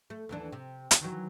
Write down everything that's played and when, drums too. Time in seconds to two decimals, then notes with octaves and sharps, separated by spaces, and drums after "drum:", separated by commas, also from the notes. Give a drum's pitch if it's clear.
0.10 A3
0.29 D#2 E3 D4
0.53 C3
0.91 drum: hi-hat
1.01 D#3 E3 F#3